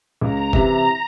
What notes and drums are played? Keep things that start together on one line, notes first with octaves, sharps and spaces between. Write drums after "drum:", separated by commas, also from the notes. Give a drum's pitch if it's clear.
C#2 A#5
C3 E3, drum: kick